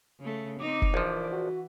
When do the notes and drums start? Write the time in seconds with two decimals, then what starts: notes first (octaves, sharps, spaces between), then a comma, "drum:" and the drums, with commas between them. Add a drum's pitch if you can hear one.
0.20 C#3 A3
0.60 C4 D#4 D6
0.82 drum: kick
0.94 A#1 E3 F3
1.32 F#4